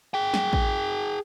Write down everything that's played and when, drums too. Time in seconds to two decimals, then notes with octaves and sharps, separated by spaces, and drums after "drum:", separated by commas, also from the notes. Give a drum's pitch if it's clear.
0.14 G#4 G5
0.34 drum: snare
0.53 drum: kick A1